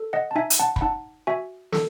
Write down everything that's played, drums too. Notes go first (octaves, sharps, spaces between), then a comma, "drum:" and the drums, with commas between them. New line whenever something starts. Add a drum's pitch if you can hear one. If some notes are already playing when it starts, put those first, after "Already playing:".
Already playing: A4
D#5 F#5
A5
D#4 E5 G#5
drum: hi-hat
F#5 A5
B5, drum: kick
D#4 F#5 A5
F#4 E5 G#5
A4, drum: snare